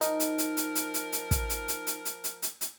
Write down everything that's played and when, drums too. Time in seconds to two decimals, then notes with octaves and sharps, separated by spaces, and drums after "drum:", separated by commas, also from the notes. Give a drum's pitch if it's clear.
0.01 F3 D#4 A#4, drum: hi-hat
0.20 drum: hi-hat
0.38 drum: hi-hat
0.57 drum: hi-hat
0.75 drum: hi-hat
0.94 drum: hi-hat
1.12 drum: hi-hat
1.31 drum: kick, hi-hat
1.50 drum: hi-hat
1.68 drum: hi-hat
1.87 drum: hi-hat
2.05 drum: hi-hat
2.24 drum: hi-hat
2.42 drum: hi-hat
2.61 drum: hi-hat